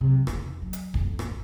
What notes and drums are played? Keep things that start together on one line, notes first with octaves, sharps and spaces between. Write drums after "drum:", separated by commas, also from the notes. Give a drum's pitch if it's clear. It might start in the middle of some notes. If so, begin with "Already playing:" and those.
C3 F#3
E2 D#3, drum: rim click
F#3
drum: hi-hat
A1 F2, drum: kick
drum: rim click